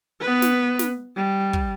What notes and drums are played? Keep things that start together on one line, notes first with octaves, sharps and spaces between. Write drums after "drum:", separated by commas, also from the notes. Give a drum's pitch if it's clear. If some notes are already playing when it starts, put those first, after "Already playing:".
B3 B4
drum: snare
drum: snare
G3
drum: kick